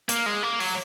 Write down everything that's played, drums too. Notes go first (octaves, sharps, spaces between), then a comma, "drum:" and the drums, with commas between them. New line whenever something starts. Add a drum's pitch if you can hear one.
A#3, drum: hi-hat
G#3
A#3
F#3, drum: open hi-hat